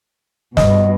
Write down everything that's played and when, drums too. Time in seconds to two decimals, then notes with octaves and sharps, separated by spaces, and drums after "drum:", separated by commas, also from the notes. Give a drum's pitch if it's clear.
0.57 G2 B2 D#5, drum: snare